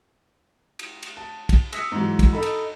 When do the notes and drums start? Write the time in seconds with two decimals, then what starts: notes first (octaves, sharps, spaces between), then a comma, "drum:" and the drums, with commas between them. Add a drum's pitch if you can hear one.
0.79 drum: cymbal
1.03 drum: cymbal
1.17 A5
1.49 drum: kick, cymbal
1.73 D#6 E6 A#6 B6 C#7, drum: cymbal
1.92 G#2 E3 F#3
2.19 drum: kick, cymbal
2.33 D#4 A4 B5
2.43 drum: cymbal